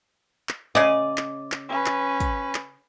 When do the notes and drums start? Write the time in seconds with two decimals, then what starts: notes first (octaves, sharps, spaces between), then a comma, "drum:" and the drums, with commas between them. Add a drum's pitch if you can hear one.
0.49 drum: clap
0.75 C#3 D5 D#5
1.18 drum: clap
1.52 drum: clap
1.69 C#4 B4
1.86 drum: clap
2.20 drum: kick, hi-hat
2.55 drum: clap